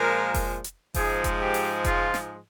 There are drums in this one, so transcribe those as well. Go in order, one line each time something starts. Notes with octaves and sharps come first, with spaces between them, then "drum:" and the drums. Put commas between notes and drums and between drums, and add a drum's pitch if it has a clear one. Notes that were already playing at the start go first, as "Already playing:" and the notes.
Already playing: A#2 F3 G#3 A#4
drum: kick F1, open hi-hat
drum: hi-hat
G#2 F3 G#3 G#4, drum: kick F1, open hi-hat
drum: kick F1, hi-hat
G4
drum: open hi-hat
F4, drum: kick F1, hi-hat
drum: snare